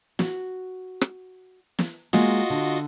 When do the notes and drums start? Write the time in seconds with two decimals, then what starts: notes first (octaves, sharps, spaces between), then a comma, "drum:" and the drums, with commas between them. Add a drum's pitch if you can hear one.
0.19 F#4, drum: snare
1.01 drum: rim click
1.79 drum: snare
2.13 G#3 A#3 F4 F#4 D#5, drum: snare
2.50 D3